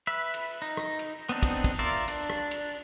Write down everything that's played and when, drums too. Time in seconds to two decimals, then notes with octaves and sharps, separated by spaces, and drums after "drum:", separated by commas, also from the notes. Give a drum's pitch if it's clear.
0.07 B4 E5
0.34 drum: cymbal
0.62 D#4
0.77 drum: rim click
0.99 drum: cymbal
1.29 B3 C4 D4 D#4
1.43 drum: kick, cymbal
1.64 drum: kick, cymbal
1.79 F4 A#4 D5 E5
2.08 D4, drum: cymbal
2.30 drum: rim click
2.51 drum: cymbal